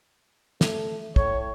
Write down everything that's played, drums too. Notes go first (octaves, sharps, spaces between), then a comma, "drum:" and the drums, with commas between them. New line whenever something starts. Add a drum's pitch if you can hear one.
A3, drum: snare
A2 C#5, drum: kick